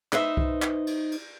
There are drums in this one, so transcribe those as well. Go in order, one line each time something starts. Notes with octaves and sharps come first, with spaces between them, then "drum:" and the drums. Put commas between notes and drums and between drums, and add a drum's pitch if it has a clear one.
D#4 B4 C5 E5, drum: clap
drum: kick C2
drum: clap
drum: cymbal
drum: cymbal